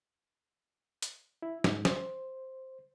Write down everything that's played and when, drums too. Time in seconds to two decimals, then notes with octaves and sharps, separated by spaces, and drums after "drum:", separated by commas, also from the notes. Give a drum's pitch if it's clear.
1.02 drum: hi-hat
1.42 E4
1.64 G#2, drum: snare
1.85 C5, drum: snare